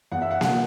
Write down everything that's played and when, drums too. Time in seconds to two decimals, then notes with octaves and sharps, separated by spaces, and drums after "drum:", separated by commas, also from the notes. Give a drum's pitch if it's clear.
0.12 E2 F#5
0.22 E5
0.31 F#5
0.41 F#5, drum: snare A#3